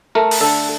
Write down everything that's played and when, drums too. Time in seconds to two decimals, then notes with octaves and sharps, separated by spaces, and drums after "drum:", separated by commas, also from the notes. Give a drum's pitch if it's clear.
0.15 A3 A#4
0.31 drum: open hi-hat
0.41 D3 A4